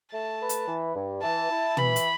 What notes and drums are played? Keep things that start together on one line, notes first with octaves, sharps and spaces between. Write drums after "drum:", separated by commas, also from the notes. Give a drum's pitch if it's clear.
A3 A5
B4
drum: hi-hat
E3
G2
E3 A5
E4
E3 B5, drum: tom
drum: hi-hat